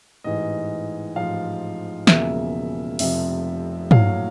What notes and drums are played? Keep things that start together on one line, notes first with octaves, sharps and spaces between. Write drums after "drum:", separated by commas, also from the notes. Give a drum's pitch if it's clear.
A1 G#2 E3 D#5
A1 G#2 F3 F5
E1 E2 C#3 F3 A#3 E5, drum: snare
F1 F2 C3 F3 E5, drum: open hi-hat
A#1 A2 F#3 F5, drum: tom